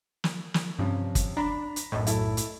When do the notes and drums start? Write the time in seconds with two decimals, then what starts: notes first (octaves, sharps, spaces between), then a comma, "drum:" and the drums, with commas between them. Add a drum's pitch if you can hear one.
0.24 drum: snare
0.54 drum: snare
0.79 G2 C3 F3 C#4
1.15 drum: kick, hi-hat
1.37 D4 A#5 B5
1.76 drum: hi-hat
1.92 B1 F#2 A2 D#5
2.07 E4 A4, drum: hi-hat
2.37 drum: hi-hat